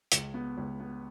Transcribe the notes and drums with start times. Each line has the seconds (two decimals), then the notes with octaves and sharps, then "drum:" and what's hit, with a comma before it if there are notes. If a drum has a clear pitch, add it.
0.12 C#2, drum: hi-hat
0.34 B3
0.57 C#2
0.80 B3